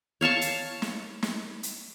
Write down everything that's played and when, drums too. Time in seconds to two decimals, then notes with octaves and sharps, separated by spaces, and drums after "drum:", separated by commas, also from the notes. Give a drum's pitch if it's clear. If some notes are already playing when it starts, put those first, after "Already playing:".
0.21 C#5 F5 A5 C#6
0.41 drum: hi-hat
0.82 drum: snare
1.23 drum: snare
1.63 drum: hi-hat